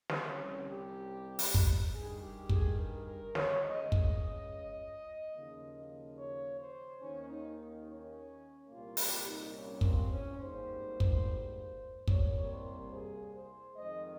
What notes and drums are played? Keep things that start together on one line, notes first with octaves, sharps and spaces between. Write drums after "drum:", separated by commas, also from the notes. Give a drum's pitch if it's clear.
drum: snare
C2 C3 G3 C#4
G4
drum: open hi-hat
drum: kick
G2 D#3 G3 G#4
G4
G#4, drum: kick
A#4
A#4
C#5, drum: snare
C#2 C#3 G#3 D#5
drum: kick
D#2 C#3 F3 A#3
C#5
C5
D#2 D#3 A#3 C#4
D#4
C#4
C2 A#2 G3 A#3 F4
G4, drum: open hi-hat
D#4
C#4
C4, drum: kick
C#4
G#1 G#2 G3 A#3 C5
drum: kick
C2 C3 G3 A#3 C#5, drum: kick
C5
G#4
C5
F2 D#3 G#3 D#5